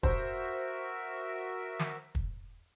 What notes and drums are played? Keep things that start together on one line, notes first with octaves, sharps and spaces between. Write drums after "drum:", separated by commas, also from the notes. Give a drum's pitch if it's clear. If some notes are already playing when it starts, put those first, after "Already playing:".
F#4 A#4 C5 E5, drum: kick
drum: snare
drum: kick